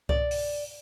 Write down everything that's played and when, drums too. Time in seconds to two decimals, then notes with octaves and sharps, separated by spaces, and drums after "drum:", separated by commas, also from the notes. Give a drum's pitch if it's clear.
0.09 D5, drum: kick C2
0.31 drum: open hi-hat